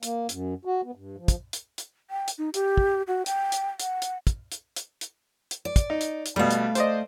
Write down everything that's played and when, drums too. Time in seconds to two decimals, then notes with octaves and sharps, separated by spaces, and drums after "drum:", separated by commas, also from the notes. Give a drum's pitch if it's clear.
0.03 A#3, drum: hi-hat
0.29 F#2, drum: hi-hat
0.65 F#4
0.84 B3
0.95 G2
1.17 F3
1.28 drum: kick, hi-hat
1.53 drum: hi-hat
1.78 drum: hi-hat
2.10 G5
2.28 drum: hi-hat
2.38 D#4
2.54 G4, drum: hi-hat
2.78 drum: kick
3.08 F#4
3.26 G5, drum: hi-hat
3.52 drum: hi-hat
3.80 F#5, drum: hi-hat
4.02 drum: hi-hat
4.27 drum: kick, hi-hat
4.52 drum: hi-hat
4.76 drum: hi-hat
5.01 drum: hi-hat
5.51 drum: hi-hat
5.65 D5
5.76 drum: kick, hi-hat
5.90 D#4
6.01 drum: hi-hat
6.26 drum: hi-hat
6.36 B2 G3 A3 F5
6.51 drum: hi-hat
6.75 C5 D5 D#5, drum: hi-hat